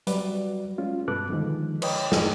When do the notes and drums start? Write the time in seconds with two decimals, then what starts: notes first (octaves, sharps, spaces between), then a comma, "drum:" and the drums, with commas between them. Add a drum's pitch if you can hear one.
0.07 F#3 G3 F#4 B4 D5, drum: hi-hat
0.78 G#3 C#4 F4
1.08 G2 B2 A4 B4 D6 F#6
1.29 D3 D#3 F3 G#3 D#4
1.82 B4 C#5 D#5 G5, drum: cymbal
2.12 drum: snare